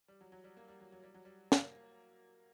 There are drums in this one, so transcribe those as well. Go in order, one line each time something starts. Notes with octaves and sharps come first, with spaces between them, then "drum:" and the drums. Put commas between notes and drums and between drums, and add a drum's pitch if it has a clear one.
G3
F#3
F#3
G3
A#3
G3
F#3
F#3
G3
F#3
G3
A#3, drum: snare